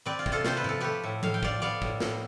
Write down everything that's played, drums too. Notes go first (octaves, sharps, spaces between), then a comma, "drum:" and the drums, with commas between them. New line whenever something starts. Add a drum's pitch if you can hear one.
C4 B4 D5
F4
C3, drum: kick
F4 A4
C3 C5, drum: snare
B4
F3 A4, drum: tom G#2
A3 G4 B4
A2
A2 F5, drum: tom F3
G5
F3 D5 F5, drum: kick
B3 D5 F5
A2, drum: kick
A2, drum: snare